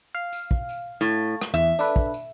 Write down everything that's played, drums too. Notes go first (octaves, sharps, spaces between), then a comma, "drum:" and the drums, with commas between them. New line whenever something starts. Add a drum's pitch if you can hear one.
F5
drum: tambourine
drum: kick
drum: tambourine
A2
drum: rim click
E2 E5
D4 A4 B4, drum: tambourine
drum: kick
drum: tambourine